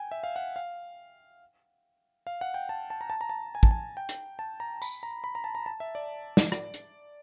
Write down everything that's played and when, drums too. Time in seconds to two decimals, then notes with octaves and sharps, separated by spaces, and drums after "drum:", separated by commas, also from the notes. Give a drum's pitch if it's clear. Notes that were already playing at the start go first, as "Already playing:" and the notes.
Already playing: G5 G#5
0.11 E5
0.24 F5
0.36 F#5
0.56 F5
2.27 F5
2.41 F#5
2.54 G5
2.69 A5
2.90 A5
3.01 A#5
3.10 A5
3.21 A#5
3.29 A5
3.55 G#5
3.63 A5, drum: kick
3.71 G#5
3.97 G5
4.09 drum: hi-hat
4.39 A5
4.60 A#5
4.82 B5, drum: tambourine
5.03 A#5
5.24 B5
5.35 A#5
5.44 A5
5.55 A#5
5.66 A5
5.80 E5
5.95 D5
6.37 drum: snare
6.52 D5, drum: rim click
6.74 drum: hi-hat